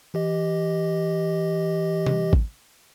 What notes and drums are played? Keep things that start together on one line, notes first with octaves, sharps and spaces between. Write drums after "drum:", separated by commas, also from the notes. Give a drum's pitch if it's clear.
E3 G4 D#5
drum: tom C3
drum: kick A1